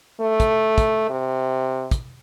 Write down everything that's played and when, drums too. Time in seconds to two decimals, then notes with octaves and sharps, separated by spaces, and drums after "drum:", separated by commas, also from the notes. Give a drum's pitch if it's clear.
0.21 A3
0.40 drum: kick, hi-hat
0.78 drum: kick, hi-hat
1.10 C3
1.91 drum: kick, hi-hat